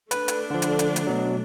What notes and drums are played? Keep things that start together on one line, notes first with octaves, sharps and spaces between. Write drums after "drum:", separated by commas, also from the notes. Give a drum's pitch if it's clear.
A3 D4 B4, drum: hi-hat
drum: hi-hat
D3 F3
drum: hi-hat
drum: hi-hat
drum: hi-hat
B2 F#3